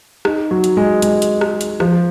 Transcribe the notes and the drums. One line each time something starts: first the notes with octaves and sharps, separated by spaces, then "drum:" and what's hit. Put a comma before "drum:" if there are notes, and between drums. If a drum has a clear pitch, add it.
D#4, drum: rim click
F#3
drum: hi-hat
G#3
G#3, drum: hi-hat
drum: hi-hat
drum: rim click
drum: hi-hat
F3, drum: rim click